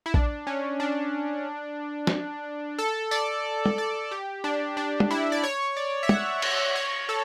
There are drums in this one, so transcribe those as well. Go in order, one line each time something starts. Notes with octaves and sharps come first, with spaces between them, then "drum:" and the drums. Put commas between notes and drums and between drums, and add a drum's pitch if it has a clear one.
E4
D4, drum: kick A#1
C#4
D4
drum: snare
A4
D5, drum: tambourine
drum: tom
D5
G4
D4
D4
drum: tom
E4
D5
C#5
D5
E5
F#5, drum: tom
E5, drum: cymbal
C#5
A4